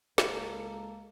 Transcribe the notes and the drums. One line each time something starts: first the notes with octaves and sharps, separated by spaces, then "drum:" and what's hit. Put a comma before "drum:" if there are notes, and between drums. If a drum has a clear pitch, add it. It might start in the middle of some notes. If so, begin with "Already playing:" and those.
C#2 G#3 A#3 A4 A#4, drum: snare